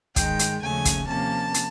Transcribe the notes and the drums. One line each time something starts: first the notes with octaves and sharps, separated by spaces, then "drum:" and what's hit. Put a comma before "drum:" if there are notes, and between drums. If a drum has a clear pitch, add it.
G#2 D#3 G#3 G5, drum: kick, hi-hat
drum: hi-hat
D#2 C#3 F3 A3 C#4 G#5
drum: kick, hi-hat
C3 F3 A#3 C#4 A5
drum: hi-hat